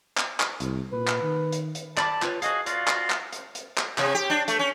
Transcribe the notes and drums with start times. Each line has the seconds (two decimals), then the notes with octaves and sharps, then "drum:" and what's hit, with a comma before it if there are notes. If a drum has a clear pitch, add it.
0.17 drum: clap
0.40 drum: clap
0.60 C2, drum: hi-hat
0.92 A#2 B4
1.07 drum: clap
1.22 D#3
1.52 drum: hi-hat
1.75 drum: hi-hat
1.97 D5 A5 B5 D6, drum: clap
2.22 F4 B4 C#5, drum: clap
2.42 F#4 G#4 D#5 F5, drum: hi-hat
2.66 F4 F#4 D5 F5, drum: hi-hat
2.88 drum: clap
3.10 drum: clap
3.33 drum: hi-hat
3.55 drum: hi-hat
3.78 drum: clap
3.98 C3, drum: clap
4.15 G4
4.30 D4
4.48 A3, drum: hi-hat
4.59 C#4